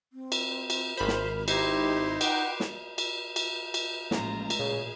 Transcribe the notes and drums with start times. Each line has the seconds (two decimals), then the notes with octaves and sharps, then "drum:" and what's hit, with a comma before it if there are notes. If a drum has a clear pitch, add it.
0.13 C4
0.32 drum: cymbal
0.70 drum: cymbal
0.97 G#1 A#4 C5 B5
1.08 drum: snare
1.48 D#4 E4 G4 C5 C6, drum: cymbal
2.21 B4 F#5 G5 C6 D6, drum: cymbal
2.60 drum: snare
2.98 drum: cymbal
3.36 drum: cymbal
3.74 drum: cymbal
4.11 A1 A2 F3 G#3 A#3 C#4 F4 A#5, drum: snare
4.50 drum: cymbal
4.59 A#2 C#3 G#4